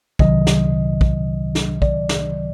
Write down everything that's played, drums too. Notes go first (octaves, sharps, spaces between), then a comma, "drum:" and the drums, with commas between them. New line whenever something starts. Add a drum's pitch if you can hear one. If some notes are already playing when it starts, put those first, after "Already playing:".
C2 C3 D#3 F#3 D#5, drum: kick
drum: snare
drum: kick
drum: snare
D5, drum: kick
drum: snare